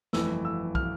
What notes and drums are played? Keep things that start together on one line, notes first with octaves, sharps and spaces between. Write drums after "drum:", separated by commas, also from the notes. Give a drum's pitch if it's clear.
G1 F2 E3 A3 E6, drum: snare
E6
F6, drum: kick